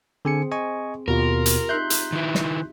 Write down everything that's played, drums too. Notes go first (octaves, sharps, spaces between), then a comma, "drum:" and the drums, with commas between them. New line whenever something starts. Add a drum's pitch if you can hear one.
D3 C4 G#4 G#5 C#7
D#5 G#5 C#6
D#2 B2 F4 G4 A#4
drum: hi-hat
D#4 E5 C6 F#6 G6
drum: hi-hat
D#3 E4
drum: snare